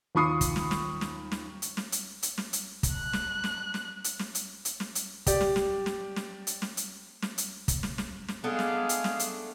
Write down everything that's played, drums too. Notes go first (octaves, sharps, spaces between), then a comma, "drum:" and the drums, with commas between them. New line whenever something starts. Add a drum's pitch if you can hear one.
D#2 F4 B5 C#6 D#6 C7
drum: kick, hi-hat
drum: snare
drum: snare
drum: snare
drum: snare
drum: hi-hat
drum: snare
drum: hi-hat
drum: hi-hat
drum: snare
drum: hi-hat
drum: kick, hi-hat
F#6
drum: snare
drum: snare
drum: snare
drum: hi-hat
drum: snare
drum: hi-hat
drum: hi-hat
drum: snare
drum: hi-hat
G4 D5, drum: kick, hi-hat
drum: snare
drum: snare
drum: snare
drum: snare
drum: hi-hat
drum: snare
drum: hi-hat
drum: snare
drum: hi-hat
drum: kick, hi-hat
drum: snare
drum: snare
drum: snare
G#3 A3 B3 D4 G#4 F5
drum: snare
drum: hi-hat
drum: snare
drum: hi-hat